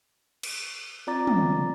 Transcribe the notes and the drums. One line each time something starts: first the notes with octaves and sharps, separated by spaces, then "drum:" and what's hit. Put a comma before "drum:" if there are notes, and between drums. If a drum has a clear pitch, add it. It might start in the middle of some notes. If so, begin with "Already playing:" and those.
drum: cymbal
C4 F4 D5 A#5 D6 A6
drum: tom